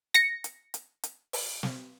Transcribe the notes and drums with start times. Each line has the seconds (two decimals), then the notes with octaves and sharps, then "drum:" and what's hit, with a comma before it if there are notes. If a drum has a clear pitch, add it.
0.14 A#6 C#7, drum: hi-hat
0.44 drum: hi-hat
0.74 drum: hi-hat
1.04 drum: hi-hat
1.33 drum: open hi-hat
1.63 drum: snare